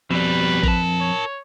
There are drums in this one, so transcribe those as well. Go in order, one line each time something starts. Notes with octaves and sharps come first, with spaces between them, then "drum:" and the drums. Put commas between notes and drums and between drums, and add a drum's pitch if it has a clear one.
F2 B2 G3 B4
A#4 A5, drum: kick G#1
C#5